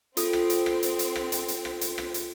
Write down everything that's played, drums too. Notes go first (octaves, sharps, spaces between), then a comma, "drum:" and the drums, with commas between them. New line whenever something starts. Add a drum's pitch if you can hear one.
C4 F4 A4 D#6, drum: hi-hat
drum: rim click
drum: hi-hat
drum: rim click
drum: hi-hat
drum: hi-hat
drum: rim click
drum: hi-hat
drum: hi-hat
drum: rim click
drum: hi-hat
drum: rim click
drum: hi-hat